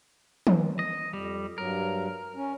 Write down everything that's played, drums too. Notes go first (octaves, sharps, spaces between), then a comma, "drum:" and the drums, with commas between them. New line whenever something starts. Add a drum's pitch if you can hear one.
drum: tom
D#5
F2 G3
G2 F#3 A#4
C#4